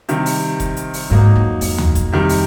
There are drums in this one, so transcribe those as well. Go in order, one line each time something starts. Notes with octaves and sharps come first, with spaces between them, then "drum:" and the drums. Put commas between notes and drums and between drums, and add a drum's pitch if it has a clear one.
C3 D#3 G3, drum: hi-hat
drum: open hi-hat
drum: kick F1, hi-hat
drum: hi-hat
drum: open hi-hat
G#2 F#3 A#3 D#4
F2
F2, drum: open hi-hat
drum: tom D2
drum: kick F1, hi-hat
C3 D#3 G3
drum: open hi-hat